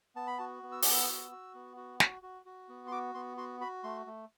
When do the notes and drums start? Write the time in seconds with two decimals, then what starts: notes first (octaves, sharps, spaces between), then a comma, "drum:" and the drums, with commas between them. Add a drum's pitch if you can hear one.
0.16 B3 A5
0.27 B5
0.38 F#4 A5
0.63 B3
0.72 E6
0.82 B3 D6, drum: open hi-hat
0.93 E6
1.08 F#4
1.31 F#4
1.55 B3
1.77 F#4
2.00 F#4, drum: snare
2.23 F#4
2.46 F#4
2.69 B3
2.87 C6
2.92 F#4 D6
3.14 B3 C6
3.37 F#4 C6
3.61 F#4 B5
3.84 A3 C6
4.06 A3